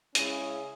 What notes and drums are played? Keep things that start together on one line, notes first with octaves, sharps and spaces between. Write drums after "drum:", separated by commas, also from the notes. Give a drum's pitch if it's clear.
C#3 G#3 C#4 E4 G#4, drum: hi-hat